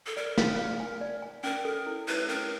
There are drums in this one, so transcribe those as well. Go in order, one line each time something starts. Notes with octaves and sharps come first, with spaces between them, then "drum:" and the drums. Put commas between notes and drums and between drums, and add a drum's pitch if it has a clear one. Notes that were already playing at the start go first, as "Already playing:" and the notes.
A4
A#4 D5
F5, drum: snare
F5
G#5
D5
G#5
C#4 A#4
A4
E4
E4 B4, drum: cymbal
C#4 A#4